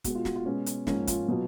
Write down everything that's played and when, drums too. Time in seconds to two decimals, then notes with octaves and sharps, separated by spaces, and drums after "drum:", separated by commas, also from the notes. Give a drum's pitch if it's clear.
0.04 B2 G#3 B3 F#4, drum: kick, hi-hat
0.15 F4
0.25 F#4, drum: snare
0.36 F4
0.45 B2 G#3 B3 C#4
0.66 drum: hi-hat
0.87 G#2 F3 A#3 C#4, drum: snare
1.07 F4, drum: kick, hi-hat
1.28 B2 F#3 B3